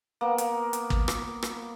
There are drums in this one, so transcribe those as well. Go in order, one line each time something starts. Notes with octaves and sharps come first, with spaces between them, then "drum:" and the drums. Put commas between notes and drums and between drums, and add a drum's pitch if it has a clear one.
A#3 B3
drum: hi-hat
drum: hi-hat
drum: kick
drum: rim click
drum: rim click